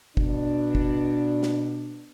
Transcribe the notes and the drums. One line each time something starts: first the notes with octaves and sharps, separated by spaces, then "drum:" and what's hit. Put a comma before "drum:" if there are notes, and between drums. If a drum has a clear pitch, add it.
B2 D4, drum: kick
drum: kick
drum: snare